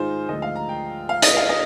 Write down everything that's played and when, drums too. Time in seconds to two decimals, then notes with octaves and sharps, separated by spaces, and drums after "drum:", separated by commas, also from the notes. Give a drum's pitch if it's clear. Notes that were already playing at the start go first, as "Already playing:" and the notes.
Already playing: G#2 D#3 D#4 F4 G#4 C5
0.28 D2 D3 F3 G#3 D#5
0.42 F5
0.56 A#5
0.69 G5
1.09 F5
1.22 D#5, drum: hi-hat
1.37 F5
1.49 D#5